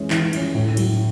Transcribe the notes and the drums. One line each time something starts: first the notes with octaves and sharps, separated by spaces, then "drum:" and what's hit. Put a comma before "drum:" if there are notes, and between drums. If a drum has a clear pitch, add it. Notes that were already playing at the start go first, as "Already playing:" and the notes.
Already playing: E3 G#3 C#4
E3, drum: clap
G#3 C#4, drum: cymbal
A2
F#3 C#4, drum: cymbal